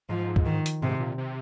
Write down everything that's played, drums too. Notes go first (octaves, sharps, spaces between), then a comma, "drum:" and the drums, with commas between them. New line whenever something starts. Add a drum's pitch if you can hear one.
G#2 F3
drum: kick
D#3
drum: hi-hat
G#2 C3
A#2
C3